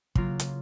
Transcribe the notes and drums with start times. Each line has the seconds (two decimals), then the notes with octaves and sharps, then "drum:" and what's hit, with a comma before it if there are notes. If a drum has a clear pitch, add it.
0.15 C#3 F#3 A#3 F4, drum: kick
0.40 drum: hi-hat